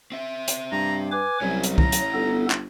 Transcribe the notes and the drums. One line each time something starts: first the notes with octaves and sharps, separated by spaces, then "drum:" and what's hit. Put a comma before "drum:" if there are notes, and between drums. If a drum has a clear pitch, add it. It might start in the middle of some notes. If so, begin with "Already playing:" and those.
C4 E5
drum: hi-hat
G2 A#5
B4 G#5 D6
C2 F#3 C#4 E4
drum: hi-hat
A#5, drum: kick
drum: hi-hat
G1 B3 A4
drum: clap